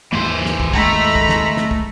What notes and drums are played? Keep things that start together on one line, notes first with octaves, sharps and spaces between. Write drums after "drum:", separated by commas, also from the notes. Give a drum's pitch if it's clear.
D#2 G#2 E3 A#3 C5
drum: snare
drum: kick
G#3 A3 A#5 B5, drum: kick
drum: kick
drum: snare
drum: snare
drum: kick